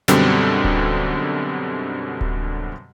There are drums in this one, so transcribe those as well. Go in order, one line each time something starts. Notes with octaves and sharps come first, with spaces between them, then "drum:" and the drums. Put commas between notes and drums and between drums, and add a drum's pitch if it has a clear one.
F#2 B2 D3 G3 C4, drum: snare
drum: kick D1
drum: kick D1